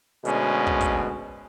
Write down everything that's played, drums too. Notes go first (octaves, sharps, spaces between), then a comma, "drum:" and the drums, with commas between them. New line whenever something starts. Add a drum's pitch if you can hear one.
D2 B2 G#3 C#4, drum: hi-hat
drum: kick
drum: kick, hi-hat